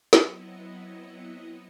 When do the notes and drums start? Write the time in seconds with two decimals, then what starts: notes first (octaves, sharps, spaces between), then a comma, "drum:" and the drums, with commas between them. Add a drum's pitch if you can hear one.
0.13 F#3 B3 C4 E4 D#5 C#7, drum: snare